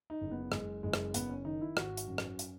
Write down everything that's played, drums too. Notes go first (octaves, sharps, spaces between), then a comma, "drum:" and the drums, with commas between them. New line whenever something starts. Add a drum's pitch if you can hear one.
D#4
F#1
B3
F#1 G#3, drum: rim click
F#1 G#3
drum: rim click
F#1 B3, drum: hi-hat
C#4
D#3 D#4
E4
G#1 F#4, drum: rim click
drum: hi-hat
F#2
drum: rim click
drum: hi-hat